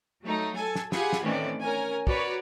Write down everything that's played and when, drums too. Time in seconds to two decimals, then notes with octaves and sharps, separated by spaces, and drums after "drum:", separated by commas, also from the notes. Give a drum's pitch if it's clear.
0.22 F#3 A3 D#4
0.55 A4 G#5
0.75 drum: snare
0.92 F4 G4 G#4 F#5 G#5 B5, drum: snare
1.13 drum: snare
1.23 A2 D#3 E3 C4 C#4 D5
1.60 C#4 A#4 G#5
2.07 F#4 A#4 B4 C#5 D5, drum: kick